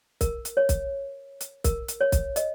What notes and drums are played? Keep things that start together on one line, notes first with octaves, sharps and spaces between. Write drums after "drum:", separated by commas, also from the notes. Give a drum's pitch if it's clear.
A#4, drum: kick B1, hi-hat
drum: hi-hat
C#5
drum: kick B1, hi-hat
drum: hi-hat
A#4, drum: kick B1, hi-hat
drum: hi-hat
C#5
drum: kick B1, hi-hat
D#5, drum: hi-hat